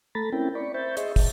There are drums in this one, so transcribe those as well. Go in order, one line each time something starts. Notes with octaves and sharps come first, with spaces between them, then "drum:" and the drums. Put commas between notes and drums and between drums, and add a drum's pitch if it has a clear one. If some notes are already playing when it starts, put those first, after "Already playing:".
A3 A4 A#5 B5 A6
C4 C#4 E4 A#4 G5
D5 B5 C#6
C5 E5 B5 C#6 G6 A6
G#4 D#5 E5 C6 C#6, drum: hi-hat
A5, drum: kick, open hi-hat